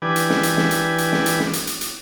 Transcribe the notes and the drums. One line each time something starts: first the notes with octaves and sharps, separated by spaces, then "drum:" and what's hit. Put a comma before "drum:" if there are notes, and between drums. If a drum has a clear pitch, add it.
E3 D4 G4 B4 G#5
drum: hi-hat
drum: snare
drum: hi-hat
drum: snare
drum: hi-hat
drum: hi-hat
drum: snare
drum: hi-hat
drum: snare
drum: hi-hat
drum: hi-hat
drum: hi-hat